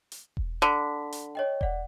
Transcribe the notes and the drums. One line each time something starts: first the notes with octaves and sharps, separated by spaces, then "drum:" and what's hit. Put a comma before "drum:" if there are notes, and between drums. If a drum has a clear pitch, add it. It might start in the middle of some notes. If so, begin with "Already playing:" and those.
drum: hi-hat
drum: kick E1
D3 A5 B5 B6
drum: hi-hat
C#5 D#5 G5
D5 F#5, drum: kick E1